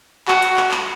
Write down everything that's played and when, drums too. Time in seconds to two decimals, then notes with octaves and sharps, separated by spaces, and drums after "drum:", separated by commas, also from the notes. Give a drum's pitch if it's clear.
0.28 F#4, drum: clap
0.42 drum: hi-hat
0.57 drum: clap
0.71 drum: clap